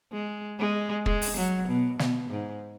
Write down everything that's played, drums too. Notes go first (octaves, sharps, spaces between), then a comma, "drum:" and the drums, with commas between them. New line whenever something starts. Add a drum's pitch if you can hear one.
G#3
G#3
G#3, drum: kick
drum: open hi-hat
F#3
B2
B2, drum: snare
G#2